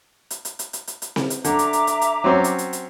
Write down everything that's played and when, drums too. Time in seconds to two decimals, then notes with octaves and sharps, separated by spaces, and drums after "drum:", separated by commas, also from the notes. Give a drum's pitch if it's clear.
0.30 drum: hi-hat
0.45 drum: hi-hat
0.59 drum: hi-hat
0.73 drum: hi-hat
0.87 drum: hi-hat
1.02 drum: hi-hat
1.16 drum: snare C4
1.30 drum: hi-hat
1.44 D3 E5 A#5 D6, drum: hi-hat
1.59 drum: hi-hat
1.73 drum: hi-hat
1.87 drum: hi-hat
2.01 drum: hi-hat
2.24 F#3 C4 C#4
2.44 drum: hi-hat
2.58 drum: hi-hat
2.73 drum: hi-hat